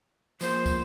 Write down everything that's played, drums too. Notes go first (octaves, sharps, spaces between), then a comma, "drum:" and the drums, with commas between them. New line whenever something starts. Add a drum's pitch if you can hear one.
F3 A#3 F4 G#4 C5, drum: tambourine
drum: kick, tambourine